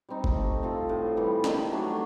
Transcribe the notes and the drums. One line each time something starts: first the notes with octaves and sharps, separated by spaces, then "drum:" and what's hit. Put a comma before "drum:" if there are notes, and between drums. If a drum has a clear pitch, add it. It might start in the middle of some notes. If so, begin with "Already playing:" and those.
G3 C4 D#4
drum: kick
A3
C4 F4 A4
A2
E3 G3
D#3, drum: snare
F#3 A3 D4